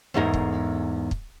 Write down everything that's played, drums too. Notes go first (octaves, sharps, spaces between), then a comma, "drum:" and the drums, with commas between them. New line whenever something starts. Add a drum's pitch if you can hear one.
E2 G#2 A3 D#4 A#4
drum: kick
drum: kick